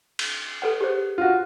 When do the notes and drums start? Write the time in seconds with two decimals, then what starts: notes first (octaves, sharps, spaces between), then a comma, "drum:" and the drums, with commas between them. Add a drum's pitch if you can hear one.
0.19 drum: cymbal
0.62 A4 B4 F#5
0.81 G4 G#4 C5
1.18 F4 F#4